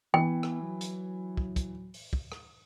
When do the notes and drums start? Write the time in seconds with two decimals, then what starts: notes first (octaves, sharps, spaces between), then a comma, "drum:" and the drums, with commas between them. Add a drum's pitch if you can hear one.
0.14 E3 B3 G5
0.43 drum: rim click
0.62 F#3
0.81 drum: hi-hat
1.37 drum: kick
1.56 drum: kick, hi-hat
1.94 drum: open hi-hat
2.13 drum: kick
2.32 drum: rim click